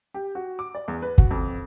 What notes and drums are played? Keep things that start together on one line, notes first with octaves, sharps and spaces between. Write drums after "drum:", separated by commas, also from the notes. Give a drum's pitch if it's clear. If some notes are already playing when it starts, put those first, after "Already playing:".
G4
F#4
D6
D5
E2
B4
F#4, drum: kick
F2